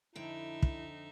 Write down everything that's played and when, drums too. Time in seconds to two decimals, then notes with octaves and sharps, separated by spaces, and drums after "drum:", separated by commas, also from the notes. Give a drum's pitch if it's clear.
0.15 F2 D3 D#4 E4 E5 G5
0.63 drum: kick